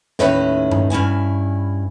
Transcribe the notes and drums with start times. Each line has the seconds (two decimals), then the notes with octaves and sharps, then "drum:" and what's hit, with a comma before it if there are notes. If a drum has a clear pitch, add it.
0.19 D#2 A2 D#3 C#4 B4 E5, drum: snare
0.71 drum: tom G2
0.90 G2 C#4 E4 G#5